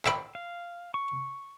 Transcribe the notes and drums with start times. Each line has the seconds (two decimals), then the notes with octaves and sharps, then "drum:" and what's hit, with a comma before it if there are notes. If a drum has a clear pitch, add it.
0.06 E5 G5 B5, drum: clap
0.35 F5
0.94 C#6